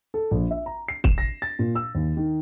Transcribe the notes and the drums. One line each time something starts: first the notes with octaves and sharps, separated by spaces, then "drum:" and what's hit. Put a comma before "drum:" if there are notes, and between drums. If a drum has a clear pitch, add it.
A4
A#1
E5
A#5
C7
E7, drum: kick
A#6
A6
A#2
E6
D#2
D#3